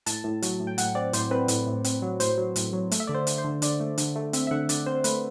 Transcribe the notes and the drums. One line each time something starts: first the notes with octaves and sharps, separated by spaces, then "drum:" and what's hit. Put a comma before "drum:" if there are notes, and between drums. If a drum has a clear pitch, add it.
A2 A5, drum: hi-hat
A2
F#3, drum: hi-hat
A2
G5
A2 F#5, drum: hi-hat
C4 D5
A2 C5, drum: hi-hat
C4 B4
A2, drum: hi-hat
A2
C4, drum: hi-hat
F#3
A2 C5, drum: hi-hat
F#3
A2, drum: hi-hat
F#3
A3, drum: hi-hat
E5
D3 D5
C5
D3, drum: hi-hat
C5
D3
D3 D5, drum: hi-hat
A3
D3, drum: hi-hat
A3
C4 E5, drum: hi-hat
E5
D3 F#5
D3 D5, drum: hi-hat
C4 C5
A3 B4, drum: hi-hat